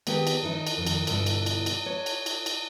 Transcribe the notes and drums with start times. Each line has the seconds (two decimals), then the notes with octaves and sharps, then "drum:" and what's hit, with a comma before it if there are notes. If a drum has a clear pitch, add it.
0.07 D#3 B3 G4 G#4 G5, drum: cymbal
0.27 drum: cymbal
0.43 D#3 E3 D#4 D#5
0.67 drum: cymbal
0.77 F2 D#3
0.87 drum: cymbal
1.07 G2 B2 D3 E3, drum: cymbal
1.26 drum: cymbal
1.46 drum: cymbal
1.66 drum: cymbal
1.86 C#5
2.06 drum: cymbal
2.26 drum: cymbal
2.46 drum: cymbal